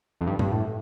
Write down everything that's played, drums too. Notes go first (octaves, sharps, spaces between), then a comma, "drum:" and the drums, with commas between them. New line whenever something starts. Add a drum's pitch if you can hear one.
F2
G2
G2, drum: tom
A2